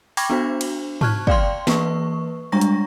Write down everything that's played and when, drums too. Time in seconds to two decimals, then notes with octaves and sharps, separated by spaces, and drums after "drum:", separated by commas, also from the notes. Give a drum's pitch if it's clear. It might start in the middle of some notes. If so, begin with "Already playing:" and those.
0.17 G5 B5 C#6 D6 G#6 A#6, drum: open hi-hat
0.30 B3 D4 F#4 C5
0.61 drum: cymbal
1.01 A5 C#6 F6 F#6 G#6, drum: tom G#2
1.27 D5 F5 G5 C6, drum: kick
1.67 E3 A#3 B4 C#6, drum: snare
2.52 G3 G#3 D4 A#5 C#6 A#6
2.61 drum: hi-hat